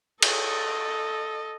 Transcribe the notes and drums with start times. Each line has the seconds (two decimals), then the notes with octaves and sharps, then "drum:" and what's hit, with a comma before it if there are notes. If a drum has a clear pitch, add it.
0.22 A4 D#5, drum: cymbal